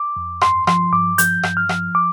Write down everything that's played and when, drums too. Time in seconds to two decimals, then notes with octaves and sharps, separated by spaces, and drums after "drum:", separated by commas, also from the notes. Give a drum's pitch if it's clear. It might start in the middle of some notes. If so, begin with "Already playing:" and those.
Already playing: D6
0.16 F2
0.41 G2 C6, drum: rim click
0.67 F3 C6, drum: rim click
0.93 G2 D6
1.18 F3 G6, drum: hi-hat
1.43 G2, drum: rim click
1.57 F6
1.69 F3, drum: rim click
1.95 D6